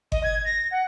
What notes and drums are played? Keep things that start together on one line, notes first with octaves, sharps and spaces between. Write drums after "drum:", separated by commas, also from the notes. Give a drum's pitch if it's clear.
D#5, drum: kick G1
G#6
A#6
F#5